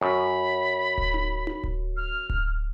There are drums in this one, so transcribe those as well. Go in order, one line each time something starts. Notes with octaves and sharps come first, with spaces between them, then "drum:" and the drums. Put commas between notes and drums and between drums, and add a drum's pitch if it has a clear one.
F#2 B5
drum: kick D1
drum: tom D#4
drum: tom D#4
drum: kick D1
F6
drum: kick D1